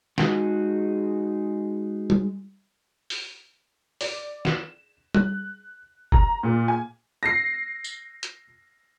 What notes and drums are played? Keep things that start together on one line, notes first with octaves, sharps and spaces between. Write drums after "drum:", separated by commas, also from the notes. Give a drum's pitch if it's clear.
G#3 D#4 F#4 G#4, drum: snare
drum: tom G3
drum: open hi-hat
D5, drum: open hi-hat
E7, drum: snare
F#6, drum: tom G3
A#5, drum: kick
A#2
G#5
A#6 C7
drum: tambourine
drum: hi-hat